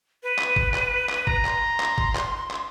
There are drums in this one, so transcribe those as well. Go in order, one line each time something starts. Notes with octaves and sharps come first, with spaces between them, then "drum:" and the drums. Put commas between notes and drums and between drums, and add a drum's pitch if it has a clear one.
B4
drum: clap
drum: kick
drum: clap
drum: clap
A#5, drum: kick
C6, drum: clap
drum: clap
drum: kick
drum: clap
drum: clap